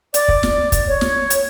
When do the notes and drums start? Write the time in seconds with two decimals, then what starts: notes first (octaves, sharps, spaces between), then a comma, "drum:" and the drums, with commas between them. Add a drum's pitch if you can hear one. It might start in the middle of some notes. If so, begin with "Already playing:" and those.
0.14 D5, drum: hi-hat
0.28 drum: kick
0.43 drum: snare
0.72 drum: kick, hi-hat
0.88 C#5
1.01 drum: snare
1.30 drum: hi-hat